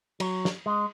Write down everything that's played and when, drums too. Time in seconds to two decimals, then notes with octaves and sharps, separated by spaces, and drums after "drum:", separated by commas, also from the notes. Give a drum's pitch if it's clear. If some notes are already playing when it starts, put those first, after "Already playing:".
0.20 F#3, drum: cymbal
0.45 drum: snare
0.66 G#3